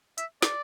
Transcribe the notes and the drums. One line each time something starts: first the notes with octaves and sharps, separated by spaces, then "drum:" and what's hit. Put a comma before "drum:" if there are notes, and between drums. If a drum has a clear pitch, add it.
E5, drum: hi-hat
D5, drum: snare